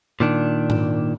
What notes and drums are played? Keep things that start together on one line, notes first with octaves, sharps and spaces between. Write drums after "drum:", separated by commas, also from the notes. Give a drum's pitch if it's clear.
A#2 D#3 D4
drum: tom G#2